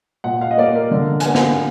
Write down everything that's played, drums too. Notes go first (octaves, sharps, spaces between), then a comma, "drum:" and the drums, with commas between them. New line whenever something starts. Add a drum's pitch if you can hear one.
A#2 F#5
F5
D#5
A#3 D5
A#4
D3
G#5, drum: hi-hat
A#3 F#5
drum: snare